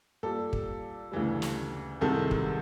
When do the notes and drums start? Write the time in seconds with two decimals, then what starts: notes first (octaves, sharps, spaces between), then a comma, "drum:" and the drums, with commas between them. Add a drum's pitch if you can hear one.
0.23 A#2 G3 A4
0.53 drum: kick
1.12 D2 C#3 E3 G3
1.42 drum: snare
2.01 C2 C3 D#3 G#3 A4
2.31 drum: kick